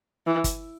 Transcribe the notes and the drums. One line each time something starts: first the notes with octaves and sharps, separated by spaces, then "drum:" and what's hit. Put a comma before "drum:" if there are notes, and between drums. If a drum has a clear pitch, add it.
E3
drum: kick G1, hi-hat